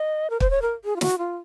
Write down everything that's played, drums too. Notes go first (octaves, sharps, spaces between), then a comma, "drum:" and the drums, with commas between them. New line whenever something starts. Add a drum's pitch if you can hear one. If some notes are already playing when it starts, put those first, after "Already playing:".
Already playing: D#5
A#4
C5, drum: kick
C#5
A#4
G#4
F4
F#4, drum: snare
F4